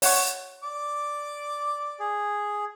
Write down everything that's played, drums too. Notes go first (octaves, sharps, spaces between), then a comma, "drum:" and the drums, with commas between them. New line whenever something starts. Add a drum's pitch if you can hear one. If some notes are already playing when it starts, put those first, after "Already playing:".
C#5 F#5 C#6, drum: open hi-hat
D5 D6
G#4